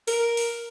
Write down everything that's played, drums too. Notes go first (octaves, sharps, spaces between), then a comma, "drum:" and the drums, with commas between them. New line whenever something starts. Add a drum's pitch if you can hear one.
A#4, drum: open hi-hat
drum: open hi-hat